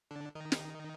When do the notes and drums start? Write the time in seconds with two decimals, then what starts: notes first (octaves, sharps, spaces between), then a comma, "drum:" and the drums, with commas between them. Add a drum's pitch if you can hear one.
0.11 D3 D4
0.35 D#3 D#4
0.52 drum: snare